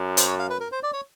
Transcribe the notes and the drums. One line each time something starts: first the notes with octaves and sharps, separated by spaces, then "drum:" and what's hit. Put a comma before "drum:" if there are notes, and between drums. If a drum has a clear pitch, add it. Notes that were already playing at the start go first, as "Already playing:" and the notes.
Already playing: F#2
C5, drum: hi-hat
C#5
F5
B4
A#4
C5
D5
C#5